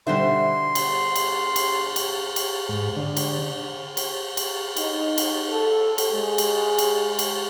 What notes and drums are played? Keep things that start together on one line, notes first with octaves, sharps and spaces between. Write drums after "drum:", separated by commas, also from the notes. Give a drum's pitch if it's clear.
B2 D3 G3 C5 E5 C6
drum: cymbal
drum: cymbal
drum: cymbal
drum: cymbal
drum: cymbal
G#2
D3
drum: cymbal
drum: cymbal
drum: cymbal
D#4, drum: cymbal
drum: cymbal
A4
drum: cymbal
G#3
drum: cymbal
drum: cymbal
drum: cymbal